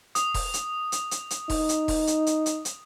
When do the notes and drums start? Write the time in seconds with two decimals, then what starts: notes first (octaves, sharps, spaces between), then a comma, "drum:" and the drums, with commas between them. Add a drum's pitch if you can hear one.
0.15 D#6, drum: hi-hat
0.34 drum: kick E1, open hi-hat
0.54 drum: hi-hat
0.92 drum: hi-hat
1.11 drum: hi-hat
1.30 drum: hi-hat
1.50 D#4, drum: kick E1, open hi-hat
1.69 drum: hi-hat
1.88 drum: kick E1, open hi-hat
2.07 drum: hi-hat
2.27 drum: hi-hat
2.46 drum: hi-hat
2.65 drum: hi-hat